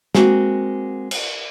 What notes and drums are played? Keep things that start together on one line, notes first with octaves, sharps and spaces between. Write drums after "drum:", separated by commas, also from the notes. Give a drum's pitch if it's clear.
G#3 A#3 C4 F#4, drum: snare
drum: cymbal